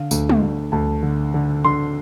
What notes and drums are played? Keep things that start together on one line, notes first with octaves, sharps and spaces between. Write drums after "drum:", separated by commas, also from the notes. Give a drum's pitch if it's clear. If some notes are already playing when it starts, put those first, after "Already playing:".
Already playing: D3 F5
D2, drum: tambourine
drum: tom
D2
D2 A5
D3
D3
D3 C6